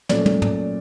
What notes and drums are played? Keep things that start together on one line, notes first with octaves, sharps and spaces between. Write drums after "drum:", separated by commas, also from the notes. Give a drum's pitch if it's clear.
A#2 F#3 A3 C#4 D5, drum: snare
drum: tom
drum: tom